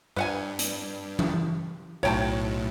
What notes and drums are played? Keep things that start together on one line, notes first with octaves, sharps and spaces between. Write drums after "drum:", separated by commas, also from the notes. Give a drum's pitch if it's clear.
G2 B4 F#5 G#5
drum: hi-hat
drum: tom E3
B1 A2 C#5 G5 A5